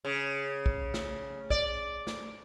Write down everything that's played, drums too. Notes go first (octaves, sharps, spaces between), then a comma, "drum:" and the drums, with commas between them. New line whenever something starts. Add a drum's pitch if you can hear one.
C#3
drum: kick
drum: snare
D5, drum: kick
drum: snare